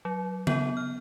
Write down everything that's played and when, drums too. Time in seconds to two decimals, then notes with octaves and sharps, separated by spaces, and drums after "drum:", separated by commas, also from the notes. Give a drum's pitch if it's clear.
0.05 F#3
0.47 B3, drum: tom C#3
0.77 F6